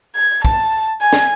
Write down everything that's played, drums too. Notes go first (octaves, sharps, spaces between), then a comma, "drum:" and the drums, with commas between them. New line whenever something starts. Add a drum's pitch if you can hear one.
G#6
A5, drum: kick
G#5
drum: snare